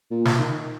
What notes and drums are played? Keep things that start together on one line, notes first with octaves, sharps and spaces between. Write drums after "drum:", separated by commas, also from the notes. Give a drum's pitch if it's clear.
A#2
drum: snare
D#3